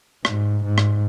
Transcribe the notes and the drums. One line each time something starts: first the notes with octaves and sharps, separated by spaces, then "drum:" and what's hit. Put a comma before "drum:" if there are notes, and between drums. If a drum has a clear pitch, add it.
G#2, drum: rim click
G#2
drum: rim click